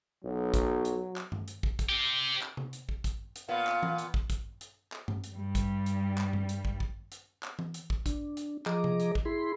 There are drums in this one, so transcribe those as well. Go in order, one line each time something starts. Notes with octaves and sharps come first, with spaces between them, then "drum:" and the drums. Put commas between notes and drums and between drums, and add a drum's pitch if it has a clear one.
B1 F#3
drum: kick, hi-hat
drum: hi-hat
drum: clap
drum: tom G2
drum: hi-hat
drum: kick
drum: kick, hi-hat
C4 G4
drum: clap
drum: tom C3
drum: hi-hat
drum: kick
drum: kick, hi-hat
drum: hi-hat
A#2 B3 F5
drum: clap
drum: tom E3
drum: hi-hat
drum: kick
drum: kick, hi-hat
drum: hi-hat
drum: clap
drum: tom G2
drum: hi-hat
G2 G3
drum: kick, hi-hat
drum: hi-hat
drum: clap
drum: tom G2
drum: hi-hat
drum: kick
drum: kick
drum: hi-hat
drum: clap
drum: tom E3
drum: hi-hat
drum: kick
D4, drum: kick, hi-hat
drum: hi-hat
F3 G#4 D#5 A#5 D6, drum: clap
drum: tom C3
drum: hi-hat
drum: kick
E4 G#4 B5 C6